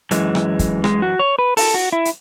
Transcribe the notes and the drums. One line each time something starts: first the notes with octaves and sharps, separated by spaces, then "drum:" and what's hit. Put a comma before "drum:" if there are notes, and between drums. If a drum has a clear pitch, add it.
F#2 E3 G#3, drum: hi-hat
drum: rim click
drum: kick, hi-hat
G#3, drum: rim click
F#4
C#5
B4
A4, drum: open hi-hat
F#4
E4
drum: hi-hat